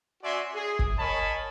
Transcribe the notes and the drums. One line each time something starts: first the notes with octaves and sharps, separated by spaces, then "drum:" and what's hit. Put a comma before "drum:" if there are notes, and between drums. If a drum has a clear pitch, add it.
C#4 F#4 D5 E5 G#5 C6
G#4
drum: kick G1
A#4 C#5 D#5 G#5 A5 B5